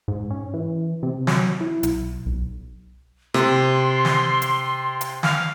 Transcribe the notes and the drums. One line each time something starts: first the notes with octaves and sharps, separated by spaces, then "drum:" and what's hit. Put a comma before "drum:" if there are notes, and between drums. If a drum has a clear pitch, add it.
G#2
C#4
E3
C3
F#3, drum: snare
E4
B1, drum: hi-hat
B1
C3 C6, drum: rim click
drum: snare
drum: hi-hat
drum: hi-hat
F5, drum: snare